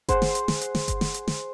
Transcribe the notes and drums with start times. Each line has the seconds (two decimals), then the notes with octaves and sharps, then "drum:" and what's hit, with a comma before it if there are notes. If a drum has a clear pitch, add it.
0.08 G#4 C5 F#5, drum: kick G1, hi-hat
0.22 drum: snare
0.35 drum: hi-hat
0.48 drum: snare
0.61 drum: hi-hat
0.75 drum: snare
0.88 drum: kick G1, hi-hat
1.01 drum: snare
1.14 drum: hi-hat
1.28 drum: snare